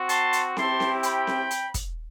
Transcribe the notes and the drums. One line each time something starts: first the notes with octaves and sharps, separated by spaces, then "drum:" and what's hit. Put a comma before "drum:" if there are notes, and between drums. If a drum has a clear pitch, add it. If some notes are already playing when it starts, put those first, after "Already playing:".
Already playing: C4 F#4
A5 C6, drum: hi-hat
drum: hi-hat
C4 E4 G4 A5 C6, drum: snare C4
drum: snare C4
G5 B5, drum: hi-hat
drum: snare C4
drum: hi-hat
drum: kick, hi-hat